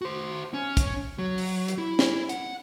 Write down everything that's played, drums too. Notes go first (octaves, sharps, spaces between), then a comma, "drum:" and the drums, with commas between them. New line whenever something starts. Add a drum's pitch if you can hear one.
F#4 C5
C#4
drum: kick, hi-hat
F#3
drum: open hi-hat
drum: hi-hat
E4
drum: snare
F#5, drum: hi-hat